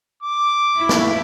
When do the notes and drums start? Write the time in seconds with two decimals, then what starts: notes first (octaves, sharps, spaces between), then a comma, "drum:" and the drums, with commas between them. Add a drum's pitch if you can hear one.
0.23 D6
0.77 E4
0.89 drum: snare